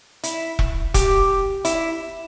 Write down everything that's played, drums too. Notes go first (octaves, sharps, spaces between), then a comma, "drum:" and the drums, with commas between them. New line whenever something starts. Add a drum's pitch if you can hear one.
E4, drum: hi-hat
drum: kick E1
G4, drum: kick E1, hi-hat
E4, drum: hi-hat